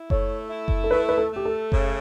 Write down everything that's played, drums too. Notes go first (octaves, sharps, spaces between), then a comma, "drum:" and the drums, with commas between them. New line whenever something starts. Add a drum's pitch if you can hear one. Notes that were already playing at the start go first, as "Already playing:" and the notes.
Already playing: E4
A3 C#5, drum: kick F#1
E4
drum: kick F#1
A4
A3 B4
B4
A4
A3 G4
A4
C#3, drum: kick F#1